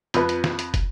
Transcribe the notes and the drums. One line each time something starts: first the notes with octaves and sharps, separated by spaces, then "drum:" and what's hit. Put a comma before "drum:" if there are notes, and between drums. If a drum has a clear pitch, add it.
F2 B4, drum: hi-hat
drum: hi-hat
drum: snare
drum: hi-hat
drum: kick, hi-hat